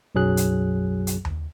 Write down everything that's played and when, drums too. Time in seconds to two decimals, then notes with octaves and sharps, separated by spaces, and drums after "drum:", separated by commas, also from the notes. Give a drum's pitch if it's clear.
0.15 B1 F#2 F#3 G#4 F#6
0.37 drum: hi-hat
1.07 drum: hi-hat
1.25 drum: tom D#2